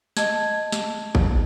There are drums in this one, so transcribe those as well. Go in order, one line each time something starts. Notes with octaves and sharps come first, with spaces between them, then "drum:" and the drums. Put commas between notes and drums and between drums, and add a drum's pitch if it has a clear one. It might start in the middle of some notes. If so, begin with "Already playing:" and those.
D#5 A5 G#6, drum: snare
drum: snare
drum: kick G#1